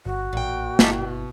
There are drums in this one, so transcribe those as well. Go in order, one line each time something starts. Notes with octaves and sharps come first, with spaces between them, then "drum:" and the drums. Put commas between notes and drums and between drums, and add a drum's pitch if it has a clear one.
G1 F#4
A1 A#2 G5
G1 G#3 E4 G4 A4, drum: snare
B2